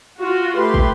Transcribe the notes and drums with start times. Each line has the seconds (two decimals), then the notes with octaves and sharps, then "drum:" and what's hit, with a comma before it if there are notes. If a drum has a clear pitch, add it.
0.18 F4 F#4
0.57 A3 G4 B4 C6
0.74 drum: kick